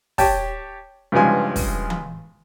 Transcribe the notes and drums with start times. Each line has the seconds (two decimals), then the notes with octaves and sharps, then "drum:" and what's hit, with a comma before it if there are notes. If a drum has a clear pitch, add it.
0.18 G4 C#5 G5 A5, drum: kick, open hi-hat
1.12 G2 C#3 E3 F3 G#3 G#5
1.56 drum: kick, open hi-hat
1.90 drum: tom E3